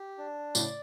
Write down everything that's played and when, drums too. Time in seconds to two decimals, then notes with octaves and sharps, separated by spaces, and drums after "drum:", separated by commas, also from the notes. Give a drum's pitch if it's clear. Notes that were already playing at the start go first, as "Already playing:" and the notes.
Already playing: G4
0.18 D4
0.55 A2 C#3 D5, drum: tambourine